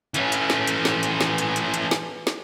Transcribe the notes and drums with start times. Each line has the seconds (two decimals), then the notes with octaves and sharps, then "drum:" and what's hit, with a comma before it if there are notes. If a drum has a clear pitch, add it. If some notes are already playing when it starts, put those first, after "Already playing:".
0.14 E3 C#4, drum: hi-hat
0.32 drum: hi-hat
0.50 drum: snare
0.67 drum: hi-hat
0.85 drum: snare
1.03 drum: hi-hat
1.21 drum: snare
1.38 drum: hi-hat
1.56 drum: hi-hat
1.74 drum: hi-hat
1.91 drum: snare
2.27 drum: snare